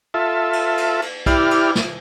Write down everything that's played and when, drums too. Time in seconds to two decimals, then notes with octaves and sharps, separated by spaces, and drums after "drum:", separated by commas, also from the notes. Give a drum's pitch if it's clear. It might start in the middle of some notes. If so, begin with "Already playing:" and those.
0.14 F4 A4 E5
0.53 drum: cymbal
0.77 drum: cymbal
1.02 drum: cymbal
1.26 E4 G4 D5 F6, drum: kick, cymbal
1.51 drum: cymbal
1.75 drum: snare